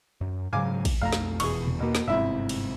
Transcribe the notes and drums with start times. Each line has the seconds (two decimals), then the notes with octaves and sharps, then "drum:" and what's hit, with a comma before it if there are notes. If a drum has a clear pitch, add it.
0.21 F#2
0.53 G#2 C#3 F#3 F5 G#5 D6
0.85 drum: kick, cymbal
1.02 B1 F2 A3 F5 A#5
1.12 drum: snare
1.40 F1 E2 B2 G#4 C#6, drum: cymbal
1.67 drum: tom B2
1.80 E2 B2 A#3
1.95 drum: snare
2.08 G1 F2 G#2 C3 E4 E5
2.49 drum: cymbal